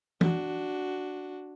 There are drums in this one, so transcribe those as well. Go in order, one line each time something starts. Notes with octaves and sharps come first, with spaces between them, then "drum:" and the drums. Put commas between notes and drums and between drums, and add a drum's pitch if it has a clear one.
D4 F#4, drum: tom